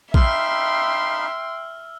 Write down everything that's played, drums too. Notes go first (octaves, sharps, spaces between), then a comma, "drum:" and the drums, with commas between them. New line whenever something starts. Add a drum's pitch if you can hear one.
D#4 E5 F5 G5 B5 C6 E6 F6, drum: kick A#1